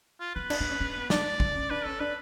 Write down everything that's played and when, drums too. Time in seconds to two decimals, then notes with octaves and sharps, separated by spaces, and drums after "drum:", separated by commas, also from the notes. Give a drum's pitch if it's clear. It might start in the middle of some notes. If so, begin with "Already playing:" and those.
0.20 F4
0.36 B3 B4
0.50 D4, drum: cymbal
0.60 D4
0.70 C#4
0.80 C#4
0.96 B3
1.10 D4 D5, drum: snare
1.40 D4, drum: kick G#1
1.55 C#4
1.70 D4 B4
1.85 C#4 A4
2.00 D4 B4